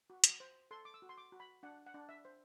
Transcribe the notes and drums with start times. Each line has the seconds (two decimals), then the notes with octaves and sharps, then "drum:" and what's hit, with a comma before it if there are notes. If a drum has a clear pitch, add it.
0.10 F#4
0.24 drum: hi-hat
0.40 C5
0.71 A4 C6
0.85 D6
0.94 E6
1.02 F#4
1.09 C6
1.18 D6
1.32 F#4
1.40 B5
1.63 D4 F#5
1.86 F#5
1.94 D4
2.09 E5
2.25 C5